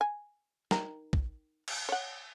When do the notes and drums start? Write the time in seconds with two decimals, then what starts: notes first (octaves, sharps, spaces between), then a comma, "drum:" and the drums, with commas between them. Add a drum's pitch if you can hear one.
0.01 G#5
0.71 D#3 A#5, drum: snare
1.13 drum: kick
1.68 drum: cymbal
1.89 C#5 F#5